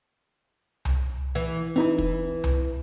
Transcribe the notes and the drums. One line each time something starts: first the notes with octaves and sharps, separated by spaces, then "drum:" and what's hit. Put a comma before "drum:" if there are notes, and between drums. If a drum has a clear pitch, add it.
drum: tom C2
E3
E3 C4 D#4 E4
drum: kick
drum: tom C2